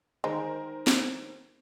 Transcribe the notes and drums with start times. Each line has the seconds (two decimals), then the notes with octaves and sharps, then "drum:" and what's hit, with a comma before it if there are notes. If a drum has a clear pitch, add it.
0.24 D#3 G#3 A#4 C5
0.87 drum: snare